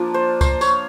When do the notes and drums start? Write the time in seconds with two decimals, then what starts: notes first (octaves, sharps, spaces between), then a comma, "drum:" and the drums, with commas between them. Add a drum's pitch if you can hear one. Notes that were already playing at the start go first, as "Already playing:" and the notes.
Already playing: F3 A#3 D4 F4
0.14 C5
0.41 C5, drum: kick C#2, tambourine
0.61 C#5, drum: tambourine